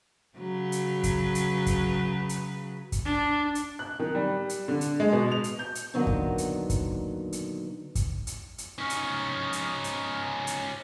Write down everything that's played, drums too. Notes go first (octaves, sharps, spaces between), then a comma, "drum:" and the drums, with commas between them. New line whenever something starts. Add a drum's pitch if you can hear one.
C#3 F#3 B4
drum: hi-hat
drum: kick, hi-hat
drum: hi-hat
drum: kick, hi-hat
drum: hi-hat
drum: kick, hi-hat
D4
drum: hi-hat
F#6
D#3
G3
drum: hi-hat
D3
drum: hi-hat
G#3
B2
F7
drum: hi-hat
G6
drum: hi-hat
A#2 D3 D#3 F#3 B3
drum: kick
drum: hi-hat
drum: kick, hi-hat
drum: hi-hat
drum: kick, hi-hat
drum: hi-hat
drum: hi-hat
C#4 D#4 C#6 D#6 F6
drum: hi-hat
drum: hi-hat
drum: hi-hat
drum: hi-hat